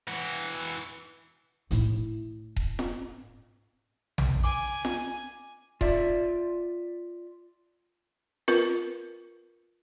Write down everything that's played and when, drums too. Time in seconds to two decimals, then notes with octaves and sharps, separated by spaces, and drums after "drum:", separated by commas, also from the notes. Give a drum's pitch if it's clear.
0.08 E3 F#4
1.71 A2 E4, drum: hi-hat
2.56 drum: kick D#1
2.79 drum: snare
4.18 drum: tom A#1
4.44 G#5 D6
4.85 drum: snare
5.81 F4 D5 E5, drum: kick D#1
8.48 F4 A#4 B4, drum: snare